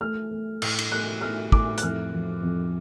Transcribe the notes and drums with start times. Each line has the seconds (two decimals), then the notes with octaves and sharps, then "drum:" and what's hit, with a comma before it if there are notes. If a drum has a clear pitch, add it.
0.01 A3 F6
0.31 A3
0.62 A2, drum: cymbal
0.79 drum: cymbal
0.91 A3 F#6
1.21 A3 F6
1.52 A2 D6, drum: kick
1.78 F#6, drum: hi-hat
1.82 F2 F6
2.13 F3
2.43 F2